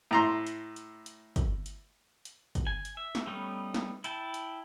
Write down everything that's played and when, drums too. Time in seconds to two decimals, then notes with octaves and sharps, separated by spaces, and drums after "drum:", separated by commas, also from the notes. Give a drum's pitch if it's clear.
0.11 A2 A#5 C6
0.47 drum: hi-hat
0.76 drum: hi-hat
1.06 drum: hi-hat
1.36 drum: kick G1, hi-hat
1.66 drum: hi-hat
2.25 drum: hi-hat
2.55 drum: kick G1, hi-hat
2.67 G#5
2.85 drum: hi-hat
2.97 E5
3.15 drum: snare
3.27 G3 A3 B3 C#4 D#4
3.74 drum: snare
4.04 E4 G5 A5, drum: hi-hat
4.34 drum: hi-hat